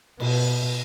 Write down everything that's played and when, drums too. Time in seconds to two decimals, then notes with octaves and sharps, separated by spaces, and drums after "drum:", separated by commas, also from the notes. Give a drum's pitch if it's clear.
0.20 B2, drum: cymbal